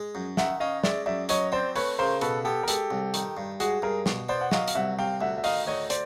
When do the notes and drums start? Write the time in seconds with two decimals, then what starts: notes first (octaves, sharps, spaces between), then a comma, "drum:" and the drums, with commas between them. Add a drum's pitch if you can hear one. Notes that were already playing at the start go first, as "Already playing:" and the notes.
Already playing: G#3
0.15 F#2
0.37 D#3 E5 F#5, drum: snare
0.60 C#4 D#5 F5
0.84 G#3 D5 E5, drum: snare
1.06 F#2 D5 E5
1.29 F#3 C#5 D#5, drum: hi-hat
1.52 C4 C5 D5
1.75 A3 B4 C#5, drum: open hi-hat
1.99 C#3 A#4 C5
2.21 B2 A4 B4, drum: hi-hat
2.45 B3 G4 A4
2.63 A#4
2.68 G#3 G4 A4, drum: hi-hat
2.91 C2
3.14 D#3, drum: hi-hat
3.37 G2
3.60 G#3 F#4 G#4, drum: hi-hat
3.82 G2 G#4 A#4
4.06 B2, drum: snare
4.29 B3 C5 D5
4.41 F#5
4.52 F#3 D#5 F5, drum: snare
4.68 F5, drum: hi-hat
4.75 C2 E5 F#5
4.99 C3 F5 G5
5.21 D2 E5 F#5
5.38 E5
5.44 D#3 D#5 F5, drum: open hi-hat
5.67 D2 C#5 D#5
5.90 C5 D5, drum: hi-hat